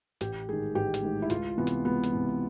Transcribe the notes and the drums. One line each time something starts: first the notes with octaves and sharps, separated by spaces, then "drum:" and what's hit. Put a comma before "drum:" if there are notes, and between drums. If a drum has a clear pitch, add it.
A1 G4, drum: hi-hat
G#2 D#3 G#4
A1 G4
drum: hi-hat
G#2 D#3
E4
C#2 F4, drum: hi-hat
C3 E3 B3
drum: hi-hat
C#2 B3
drum: hi-hat
C3 E3